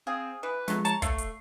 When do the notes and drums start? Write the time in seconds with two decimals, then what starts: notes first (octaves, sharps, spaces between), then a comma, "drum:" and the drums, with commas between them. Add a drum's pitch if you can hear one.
0.07 C4 G#4 F5 G5 D#6
0.43 E3 B4
0.68 F3 F#3 G#3 A3, drum: snare
0.85 C#5 A5 A#5, drum: hi-hat
1.02 A3 A4 C#5 F5 C#6 C7, drum: kick, hi-hat
1.18 drum: hi-hat